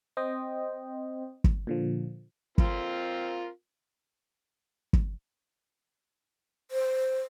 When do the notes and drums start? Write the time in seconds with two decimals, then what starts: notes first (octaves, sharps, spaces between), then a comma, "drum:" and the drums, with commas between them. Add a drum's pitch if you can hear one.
0.17 C4 C5 D#5 G5
1.44 drum: kick
1.67 A#2 D3 F3
2.58 C4 F4 A#4, drum: kick
4.93 drum: kick
6.71 C5